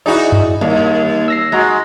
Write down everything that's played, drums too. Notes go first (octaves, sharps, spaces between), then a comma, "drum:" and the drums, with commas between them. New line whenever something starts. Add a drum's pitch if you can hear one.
D#4 E4 F#4 G#4 D5
drum: tom F#2
D#2 G3 A#3
E6 A#6 C7
G#3 F#4 A#5 A#6